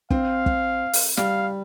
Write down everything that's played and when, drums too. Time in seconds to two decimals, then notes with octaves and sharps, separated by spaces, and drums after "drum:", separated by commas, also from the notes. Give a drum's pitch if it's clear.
0.10 C4 F5, drum: kick
0.46 drum: kick
0.93 drum: open hi-hat
1.17 G3 F5, drum: snare